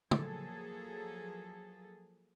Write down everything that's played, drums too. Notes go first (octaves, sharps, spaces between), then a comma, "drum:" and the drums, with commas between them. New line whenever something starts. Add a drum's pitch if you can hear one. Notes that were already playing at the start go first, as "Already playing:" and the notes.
F3 F#3 A#3 G#4 A4, drum: tom